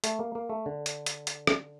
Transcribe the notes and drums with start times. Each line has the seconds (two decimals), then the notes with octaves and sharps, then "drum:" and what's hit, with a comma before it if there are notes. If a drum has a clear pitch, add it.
0.04 A3, drum: hi-hat
0.19 A#3
0.35 A#3
0.50 A3
0.66 D3
0.86 drum: hi-hat
1.06 drum: hi-hat
1.27 drum: hi-hat
1.47 drum: rim click